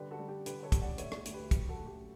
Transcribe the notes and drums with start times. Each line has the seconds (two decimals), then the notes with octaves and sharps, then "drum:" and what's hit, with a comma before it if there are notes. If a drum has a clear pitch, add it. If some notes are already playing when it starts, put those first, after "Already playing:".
Already playing: D3 G3 G4 B4
0.11 F#4 A4
0.19 G3
0.28 G4
0.46 D3 G4 B4, drum: hi-hat
0.63 A4 C#5
0.72 G3, drum: kick, hi-hat
0.81 D5 F#5
0.98 A3 C#5 E5, drum: hi-hat
1.12 drum: rim click
1.25 D2, drum: hi-hat
1.33 G4 B4
1.51 F#3 G4, drum: kick, hi-hat
1.69 F#4 A4
1.78 A3
1.87 G4